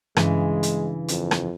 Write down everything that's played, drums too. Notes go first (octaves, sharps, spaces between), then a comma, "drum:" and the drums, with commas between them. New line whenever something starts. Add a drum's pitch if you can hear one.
G2 C#3 E3 G#3, drum: rim click
drum: hi-hat
F2, drum: hi-hat
drum: rim click